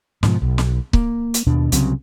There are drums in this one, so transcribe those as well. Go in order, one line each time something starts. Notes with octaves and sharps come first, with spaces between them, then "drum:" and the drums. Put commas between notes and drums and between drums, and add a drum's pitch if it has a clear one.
G#2 B2 D3 F3, drum: snare
B1
drum: snare
A#3, drum: kick C#1
drum: hi-hat
D#2 B2 D4
C2 C#3 F#3 C4, drum: hi-hat